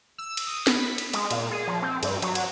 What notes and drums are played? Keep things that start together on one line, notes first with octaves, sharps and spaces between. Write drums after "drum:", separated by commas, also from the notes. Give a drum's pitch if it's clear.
E6
drum: cymbal
D#6
B5, drum: snare
B6
drum: cymbal
G#3, drum: cymbal
A#2, drum: cymbal
G#4
F3
C4
G2, drum: cymbal
F#3, drum: cymbal
drum: cymbal